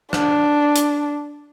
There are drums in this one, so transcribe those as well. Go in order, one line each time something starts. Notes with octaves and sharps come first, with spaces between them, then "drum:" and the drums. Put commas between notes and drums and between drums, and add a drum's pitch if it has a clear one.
D4, drum: rim click
drum: hi-hat